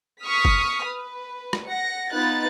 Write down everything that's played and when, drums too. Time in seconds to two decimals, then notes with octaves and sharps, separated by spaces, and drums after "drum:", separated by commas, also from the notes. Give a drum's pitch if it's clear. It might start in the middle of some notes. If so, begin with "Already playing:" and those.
0.23 C#6 D#6 F6 B6
0.45 drum: kick F#1
0.83 B4
1.53 drum: rim click
1.66 F#5 A#6 C#7
2.12 B3 D#4 F4 B5 F#6 A6